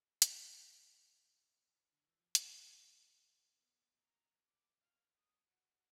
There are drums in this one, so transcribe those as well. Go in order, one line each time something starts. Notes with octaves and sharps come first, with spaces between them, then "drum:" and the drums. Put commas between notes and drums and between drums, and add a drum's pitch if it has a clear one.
drum: hi-hat
D3
E3
F3
F2, drum: hi-hat
E2
B3
A#5
D6
F5
D#6
F#4